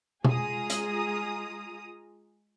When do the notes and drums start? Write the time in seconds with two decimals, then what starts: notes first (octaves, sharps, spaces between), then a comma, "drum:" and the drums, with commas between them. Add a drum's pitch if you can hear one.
0.25 G#3 F4 G#4 A#5 D#6, drum: tom B2
0.70 drum: hi-hat